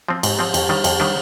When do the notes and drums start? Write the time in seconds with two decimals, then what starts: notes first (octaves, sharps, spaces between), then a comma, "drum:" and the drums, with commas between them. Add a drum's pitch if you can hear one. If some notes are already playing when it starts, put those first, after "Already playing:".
0.08 F3 C4
0.23 G#2, drum: cymbal
0.39 F3 C4
0.54 F2, drum: cymbal
0.69 D#3 G3 D4
0.84 F2, drum: cymbal
1.00 D#3 G3 D4